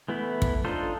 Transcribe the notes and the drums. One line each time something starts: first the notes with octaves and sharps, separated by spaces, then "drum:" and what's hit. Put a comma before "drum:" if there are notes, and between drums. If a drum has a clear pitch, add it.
E3 A3 B3 E4
drum: kick
D4 D#4 F4 A4 C5